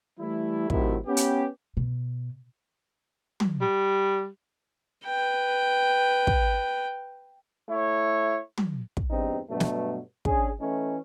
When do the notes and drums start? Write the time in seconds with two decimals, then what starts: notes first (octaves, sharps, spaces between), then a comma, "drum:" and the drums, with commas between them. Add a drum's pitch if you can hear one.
0.19 E3 G3 A3 E4
0.70 A2 C3 D#3 F#3 E4, drum: kick
1.06 B3 C#4 G4
1.17 drum: hi-hat
1.77 B2
3.40 drum: tom
3.61 G3
5.05 B4 G5
6.27 drum: kick
7.69 A3 E4 C#5
8.58 drum: tom
8.97 drum: kick
9.09 E2 G2 C4 D#4
9.50 G2 B2 F#3 A3
9.60 drum: snare
10.25 C#4 D4 G#4, drum: kick
10.60 E3 A3 C#4 D#4